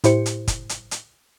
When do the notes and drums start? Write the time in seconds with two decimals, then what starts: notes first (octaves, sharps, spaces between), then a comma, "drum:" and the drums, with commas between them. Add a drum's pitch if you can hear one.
0.04 A2 E4 G4 C5 C#7, drum: hi-hat
0.26 drum: hi-hat
0.48 drum: kick, hi-hat
0.69 drum: hi-hat
0.91 drum: hi-hat